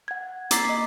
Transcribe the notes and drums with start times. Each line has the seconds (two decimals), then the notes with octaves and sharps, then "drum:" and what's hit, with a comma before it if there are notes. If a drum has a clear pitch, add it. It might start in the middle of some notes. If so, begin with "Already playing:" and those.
0.08 F#5 G#6
0.51 A#3 A#5 D6 A6 B6 C7, drum: hi-hat
0.69 D#5